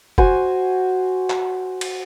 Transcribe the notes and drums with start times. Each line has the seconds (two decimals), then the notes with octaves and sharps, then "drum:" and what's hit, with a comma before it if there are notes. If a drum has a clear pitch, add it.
0.18 F#4 C5 G#5, drum: kick
1.30 drum: clap
1.81 drum: cymbal